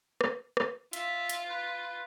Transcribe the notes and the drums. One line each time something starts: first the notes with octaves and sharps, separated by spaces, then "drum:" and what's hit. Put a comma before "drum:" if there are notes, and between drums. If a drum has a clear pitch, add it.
drum: rim click
drum: rim click
F4 E5, drum: hi-hat
drum: hi-hat
B4